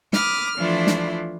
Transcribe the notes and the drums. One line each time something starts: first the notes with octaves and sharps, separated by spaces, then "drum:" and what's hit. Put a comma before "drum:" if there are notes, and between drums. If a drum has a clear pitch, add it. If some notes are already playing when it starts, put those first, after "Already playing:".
B5 D6 D#6 F6, drum: snare
E3 F3 A3 D4 E4 F4
drum: snare